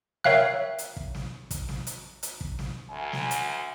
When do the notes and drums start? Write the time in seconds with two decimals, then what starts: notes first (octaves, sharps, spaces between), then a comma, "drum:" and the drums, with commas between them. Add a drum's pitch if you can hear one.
0.24 A#4 C#5 E5 F5 G5 F#6, drum: snare
0.78 drum: hi-hat
0.97 drum: kick
1.15 drum: snare
1.51 drum: kick, hi-hat
1.69 drum: snare
1.87 drum: hi-hat
2.23 drum: hi-hat
2.41 drum: kick
2.59 drum: snare
2.90 D2 G#5
3.13 drum: snare
3.31 drum: hi-hat